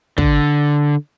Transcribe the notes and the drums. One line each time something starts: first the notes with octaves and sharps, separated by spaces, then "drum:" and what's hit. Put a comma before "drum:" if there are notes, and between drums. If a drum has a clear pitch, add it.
D3, drum: kick